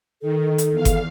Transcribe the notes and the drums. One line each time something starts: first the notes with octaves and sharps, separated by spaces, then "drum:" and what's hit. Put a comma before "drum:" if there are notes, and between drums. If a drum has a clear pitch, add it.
D#3 A4
drum: hi-hat
E2 F5
drum: kick G1, hi-hat